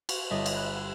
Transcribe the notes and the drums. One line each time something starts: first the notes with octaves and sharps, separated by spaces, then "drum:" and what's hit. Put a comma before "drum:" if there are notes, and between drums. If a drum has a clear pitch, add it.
C#6, drum: cymbal
G1 C#5 D#5 E5 A5 D#6
drum: cymbal
B5 F#6